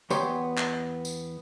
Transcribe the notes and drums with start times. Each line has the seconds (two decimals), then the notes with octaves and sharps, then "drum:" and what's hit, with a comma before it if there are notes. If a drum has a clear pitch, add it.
0.10 E2 B3 G4 C#5 C6, drum: tambourine
0.58 drum: clap
1.05 drum: tambourine